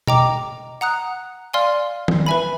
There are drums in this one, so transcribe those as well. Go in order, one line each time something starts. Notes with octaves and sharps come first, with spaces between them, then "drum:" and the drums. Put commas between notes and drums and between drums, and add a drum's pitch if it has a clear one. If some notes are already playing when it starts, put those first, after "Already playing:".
D#5 G5 A#5 D6, drum: tom B2
F#5 A#5 D#6 F#6
D5 F5 G#5 C6 F6
drum: tom D#3
B4 E5 G#5 B5